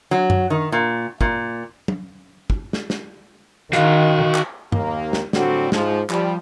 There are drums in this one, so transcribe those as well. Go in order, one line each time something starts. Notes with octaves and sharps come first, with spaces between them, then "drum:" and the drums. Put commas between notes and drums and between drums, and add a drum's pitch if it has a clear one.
F#3
drum: tom F#2
D#3
A#2
A#2, drum: kick
drum: tom
drum: kick
drum: snare
drum: snare
D#3 F#4 F5, drum: hi-hat
drum: clap
D#2 A#3, drum: tom
drum: snare
A2 D3 F#3 G3 C4 F#4, drum: snare
G#2 F3, drum: snare
F3 G3, drum: clap